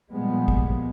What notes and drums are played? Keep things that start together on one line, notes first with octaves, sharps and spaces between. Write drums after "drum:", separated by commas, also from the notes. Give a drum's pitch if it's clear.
A#2 F3 G3 G#3 B3
drum: kick